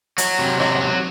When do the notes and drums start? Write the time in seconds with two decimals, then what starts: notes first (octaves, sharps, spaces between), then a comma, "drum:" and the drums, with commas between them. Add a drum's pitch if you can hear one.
0.18 F#3, drum: hi-hat
0.39 C3
0.60 F#3, drum: rim click
0.81 F#3